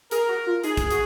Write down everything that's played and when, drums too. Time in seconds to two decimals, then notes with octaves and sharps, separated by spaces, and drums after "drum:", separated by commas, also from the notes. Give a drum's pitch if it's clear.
0.11 G#4 A#4, drum: hi-hat
0.29 F#4
0.47 F4
0.64 D#4 G#4, drum: hi-hat
0.77 drum: kick A1, hi-hat
0.91 F#4, drum: hi-hat